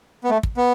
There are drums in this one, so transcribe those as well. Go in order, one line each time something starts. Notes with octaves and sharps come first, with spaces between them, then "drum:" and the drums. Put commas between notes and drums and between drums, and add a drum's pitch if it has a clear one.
B3
A3
drum: kick
B3